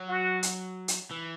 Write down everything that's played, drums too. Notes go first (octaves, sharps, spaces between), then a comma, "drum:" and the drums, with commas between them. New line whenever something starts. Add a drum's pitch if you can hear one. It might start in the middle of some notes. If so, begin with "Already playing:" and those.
Already playing: F#3
F#4
drum: hi-hat
drum: hi-hat
E3